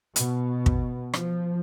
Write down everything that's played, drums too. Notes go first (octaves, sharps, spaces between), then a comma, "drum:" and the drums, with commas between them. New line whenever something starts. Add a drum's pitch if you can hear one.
B2, drum: hi-hat
drum: kick
F3, drum: rim click